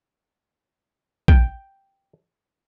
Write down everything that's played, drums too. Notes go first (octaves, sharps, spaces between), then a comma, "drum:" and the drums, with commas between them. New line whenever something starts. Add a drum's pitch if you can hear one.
G5, drum: kick A#1